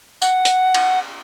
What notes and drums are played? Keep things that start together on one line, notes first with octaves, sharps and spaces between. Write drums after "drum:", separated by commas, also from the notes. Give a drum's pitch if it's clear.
F#5, drum: tambourine
drum: hi-hat
drum: cymbal